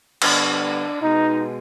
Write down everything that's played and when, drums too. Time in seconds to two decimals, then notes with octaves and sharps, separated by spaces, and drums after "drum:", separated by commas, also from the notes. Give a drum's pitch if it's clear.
0.22 D3 G3 B3 D4, drum: cymbal
1.02 B2 G#3 B3 D#4